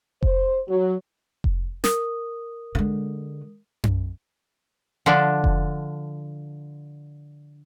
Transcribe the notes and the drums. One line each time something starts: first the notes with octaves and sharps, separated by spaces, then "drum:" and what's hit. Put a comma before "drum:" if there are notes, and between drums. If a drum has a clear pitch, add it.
C5, drum: kick F1
F#3
drum: kick F1
A#4 D#6, drum: snare
D3 G#3
drum: tom F#2
D3 F3 D4
drum: kick F1